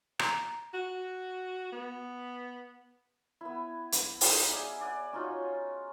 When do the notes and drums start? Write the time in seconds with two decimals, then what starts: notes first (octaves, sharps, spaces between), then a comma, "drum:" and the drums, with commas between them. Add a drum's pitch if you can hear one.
0.19 A#5, drum: rim click
0.74 F#4
1.72 B3
3.41 B3 E4
3.92 drum: hi-hat
4.21 D#4 F5, drum: open hi-hat
4.51 G#4 D5 E5 G#5
4.81 D5 F#5
5.13 C#4 D#4 F4 F#4